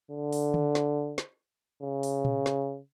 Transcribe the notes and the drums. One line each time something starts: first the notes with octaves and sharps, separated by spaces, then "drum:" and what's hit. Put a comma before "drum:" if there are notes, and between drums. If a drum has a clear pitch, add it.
D3
drum: open hi-hat
drum: tom D3
drum: snare
drum: snare
C#3
drum: open hi-hat
drum: tom A#2
drum: snare